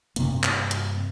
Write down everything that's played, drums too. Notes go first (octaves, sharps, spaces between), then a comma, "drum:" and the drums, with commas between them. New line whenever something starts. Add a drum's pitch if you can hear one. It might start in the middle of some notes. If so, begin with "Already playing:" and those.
G2 C3 A#3, drum: hi-hat
drum: clap
drum: hi-hat